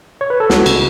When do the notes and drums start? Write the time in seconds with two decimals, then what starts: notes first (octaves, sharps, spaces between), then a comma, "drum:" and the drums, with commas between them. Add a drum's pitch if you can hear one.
0.21 C#5
0.30 B4
0.40 A4
0.50 C#2 F#4, drum: snare
0.66 C#3, drum: cymbal